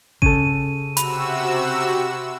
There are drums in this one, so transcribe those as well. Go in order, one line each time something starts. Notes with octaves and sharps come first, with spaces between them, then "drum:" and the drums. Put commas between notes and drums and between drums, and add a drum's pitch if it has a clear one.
C#3 A4 D#7, drum: kick G#1
C3 F#4 B5 E6, drum: hi-hat